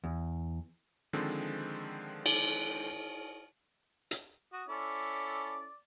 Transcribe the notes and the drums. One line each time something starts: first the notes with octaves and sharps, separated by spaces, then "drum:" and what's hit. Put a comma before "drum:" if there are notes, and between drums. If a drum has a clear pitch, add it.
E2
D3 D#3 F3 G#3 C4 A4
drum: cymbal
drum: hi-hat
F#4 D#6
C#4 E4 A4 D5